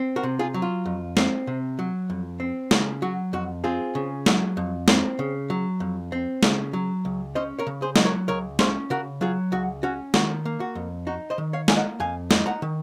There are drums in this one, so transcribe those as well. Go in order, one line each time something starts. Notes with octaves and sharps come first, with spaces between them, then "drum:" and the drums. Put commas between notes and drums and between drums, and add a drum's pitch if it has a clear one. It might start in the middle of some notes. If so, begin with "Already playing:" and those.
Already playing: C4
F#4 A#4
C3
F4 G#4
F#3
F4
F2
C4, drum: snare
C3
F#3
F2
C4
C#3 F#4, drum: snare
F#3 F#4
F2 F#4
C4 F4 G#4
C#3
F#3, drum: snare
F2
C4, drum: snare
C#3
F#3
F2
C4
C#3, drum: snare
F#3
C#2
C#4 C5 D#5
A#4 C#5
C#3
G#4 C5
F#3 D#5, drum: snare
A#4 C#5
C#2 A#4 C#5
C#4 G#4 C5, drum: snare
C#3 F#4 A#4
F#3 F4 G#4
C#2 F#4
C#4 F#4
D#3 F#4, drum: snare
A#3
F#4
F2
D#4 F#4
C5 D#5
D#3
C#5 F5
A#3 G#5, drum: snare
D#5 F#5
F2 F5 G#5
D#4, drum: snare
F#5 A#5
D#3